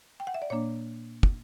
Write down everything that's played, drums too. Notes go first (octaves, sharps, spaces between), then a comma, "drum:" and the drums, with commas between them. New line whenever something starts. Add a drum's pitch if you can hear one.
G5
F#5
E5
D5
A#2 A#3 D4 C#5
drum: kick